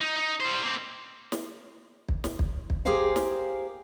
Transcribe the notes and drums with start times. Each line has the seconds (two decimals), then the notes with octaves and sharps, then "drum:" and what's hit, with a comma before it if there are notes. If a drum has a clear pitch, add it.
0.01 D#4
0.16 D#4
0.40 G3 C5
0.62 A#3 C4
1.32 drum: snare
2.09 drum: kick
2.24 drum: snare
2.39 drum: kick
2.70 drum: kick
2.85 G4 G#4 A#4 C5 F5 G#5
3.16 drum: snare